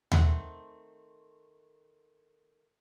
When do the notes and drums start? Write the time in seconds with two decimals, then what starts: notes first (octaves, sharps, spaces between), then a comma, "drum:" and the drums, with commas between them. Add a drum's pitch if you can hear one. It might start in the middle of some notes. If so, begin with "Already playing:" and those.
0.12 D#3 A3 C4 F#5, drum: tom D#2